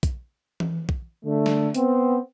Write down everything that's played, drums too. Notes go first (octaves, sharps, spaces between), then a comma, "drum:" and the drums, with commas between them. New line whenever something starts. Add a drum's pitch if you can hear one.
drum: kick, hi-hat
drum: tom E3
drum: kick
D3 A3
drum: snare
B3 C4, drum: hi-hat